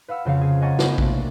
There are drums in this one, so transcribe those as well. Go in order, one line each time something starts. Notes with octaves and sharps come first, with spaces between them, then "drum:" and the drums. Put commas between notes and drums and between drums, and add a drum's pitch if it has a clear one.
B4 F5 F#5 E6
F2 C#3 C#4 F5
G#4
D#5 F#5 G#5 A#5 C#6 A6
G#3 B3 C#4 G4, drum: snare
C3 A3 A#3 D4, drum: kick A#1